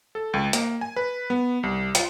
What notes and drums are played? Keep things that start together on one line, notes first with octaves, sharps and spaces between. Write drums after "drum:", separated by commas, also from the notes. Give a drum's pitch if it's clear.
A4
C#2
A#3, drum: hi-hat
G#5
B4
B3
C2
F4, drum: hi-hat